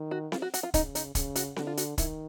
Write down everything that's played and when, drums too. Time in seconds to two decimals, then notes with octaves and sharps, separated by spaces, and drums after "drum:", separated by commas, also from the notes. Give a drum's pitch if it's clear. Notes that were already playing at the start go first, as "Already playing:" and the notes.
Already playing: D#3
0.11 F#4
0.32 F4, drum: snare C4
0.42 F#4
0.54 F#4, drum: hi-hat
0.63 F4
0.74 C#3 D#4, drum: kick, hi-hat
0.95 D#4, drum: hi-hat
1.15 C#3, drum: kick, hi-hat
1.35 F#4, drum: hi-hat
1.56 D3 F#4, drum: snare C4
1.67 F4
1.77 F#4, drum: hi-hat
1.98 D#3 E4, drum: kick, hi-hat